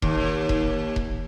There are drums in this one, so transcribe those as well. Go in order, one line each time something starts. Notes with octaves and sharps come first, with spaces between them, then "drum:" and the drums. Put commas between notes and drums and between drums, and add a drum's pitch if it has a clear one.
D#2, drum: kick E1
drum: kick E1
drum: kick E1